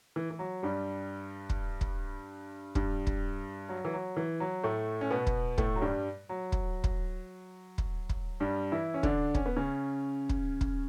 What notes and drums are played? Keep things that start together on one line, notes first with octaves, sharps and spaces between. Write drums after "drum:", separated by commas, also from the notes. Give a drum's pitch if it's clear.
E3
E3
F#3
G2 G3
drum: kick
drum: kick
G2 G3, drum: kick
drum: kick
F#3
E3
F#3
E3
F#3
A2 A3
C#4
B2 B3
drum: kick
A2 A3, drum: kick
F#3
G2 G3
F#3
drum: kick
drum: kick
drum: kick
drum: kick
G2 G3
E3 E4
C#4
D3 D4, drum: kick
C#4, drum: kick
B3
C#3 C#4
drum: kick
drum: kick